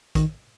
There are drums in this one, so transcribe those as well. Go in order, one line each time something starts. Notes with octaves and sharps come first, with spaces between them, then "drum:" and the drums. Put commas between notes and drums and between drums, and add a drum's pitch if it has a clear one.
D#3, drum: kick, hi-hat